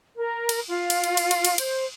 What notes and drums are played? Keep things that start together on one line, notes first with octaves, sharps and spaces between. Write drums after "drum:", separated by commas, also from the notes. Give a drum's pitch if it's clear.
A#4
drum: cymbal
F4
drum: cymbal
drum: cymbal
drum: cymbal
drum: cymbal
drum: cymbal
C5, drum: cymbal